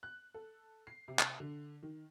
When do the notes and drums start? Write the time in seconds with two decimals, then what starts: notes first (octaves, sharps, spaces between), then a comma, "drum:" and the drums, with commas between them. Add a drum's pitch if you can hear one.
0.03 F#6
0.34 A4
0.87 C7
1.08 C3
1.19 drum: clap
1.40 D3
1.83 D#3